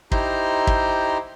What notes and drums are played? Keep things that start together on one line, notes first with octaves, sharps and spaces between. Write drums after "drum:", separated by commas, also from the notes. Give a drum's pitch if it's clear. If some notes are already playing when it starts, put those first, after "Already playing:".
D#4 E4 G4 C5 A#5 C6, drum: kick
drum: kick